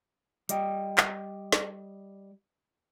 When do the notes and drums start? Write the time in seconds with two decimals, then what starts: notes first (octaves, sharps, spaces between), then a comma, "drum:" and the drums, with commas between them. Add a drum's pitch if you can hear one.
0.49 G3 D#5 G5, drum: hi-hat
0.98 drum: clap
1.52 drum: snare